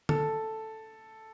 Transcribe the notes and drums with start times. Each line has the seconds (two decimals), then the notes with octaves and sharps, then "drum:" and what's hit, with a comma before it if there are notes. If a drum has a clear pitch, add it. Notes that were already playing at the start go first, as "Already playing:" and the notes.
0.09 A4, drum: tom